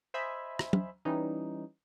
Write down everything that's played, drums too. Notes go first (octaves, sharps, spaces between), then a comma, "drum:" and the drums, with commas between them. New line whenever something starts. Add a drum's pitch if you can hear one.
C5 D#5 E5 G#5 B5
drum: rim click
drum: tom
E3 G3 C#4 D#4